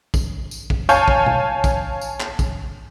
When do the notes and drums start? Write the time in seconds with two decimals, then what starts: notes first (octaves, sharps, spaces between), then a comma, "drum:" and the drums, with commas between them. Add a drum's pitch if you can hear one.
0.14 drum: kick, tambourine
0.51 drum: tambourine
0.70 drum: kick
0.89 C#5 F5 G#5 A5 C#6 G6, drum: tambourine
1.08 drum: kick
1.26 drum: tom B2
1.64 drum: kick, tambourine
2.01 drum: tambourine
2.20 drum: clap
2.39 drum: kick, tambourine